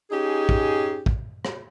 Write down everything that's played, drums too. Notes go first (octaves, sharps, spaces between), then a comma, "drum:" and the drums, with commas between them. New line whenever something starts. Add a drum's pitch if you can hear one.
C#4 D#4 G4 G#4
drum: kick
drum: kick
drum: rim click